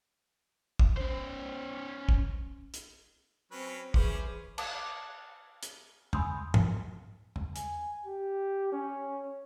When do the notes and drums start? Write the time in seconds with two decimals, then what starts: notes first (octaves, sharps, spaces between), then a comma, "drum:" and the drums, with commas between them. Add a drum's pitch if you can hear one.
0.79 drum: kick
0.97 C#4 C5
2.09 drum: kick
2.74 drum: hi-hat
3.51 F#3 C4 C#4 B4
3.94 E3 C#4 G#4 B4 C5 D6, drum: kick
4.58 A5 D6 D#6, drum: cymbal
5.63 drum: hi-hat
6.13 G#5 B5 C6 D#6 E6 G6, drum: tom E2
6.54 drum: tom
7.36 drum: tom E2
7.56 G#5, drum: hi-hat
8.06 G4
8.72 C#4